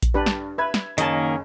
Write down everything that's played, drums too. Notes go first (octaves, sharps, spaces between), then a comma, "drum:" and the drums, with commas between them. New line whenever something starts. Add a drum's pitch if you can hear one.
drum: kick A#1, hi-hat
G2 D4 G4 B4
drum: snare
B4 E5 B5 G#6
drum: snare
F#1 D#3 A#3 C#4 D#5 A5, drum: hi-hat